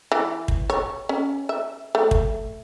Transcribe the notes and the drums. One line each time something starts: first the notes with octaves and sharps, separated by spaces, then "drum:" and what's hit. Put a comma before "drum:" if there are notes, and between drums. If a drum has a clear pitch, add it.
E3
drum: kick
C#5
C#4
E5
A3
drum: kick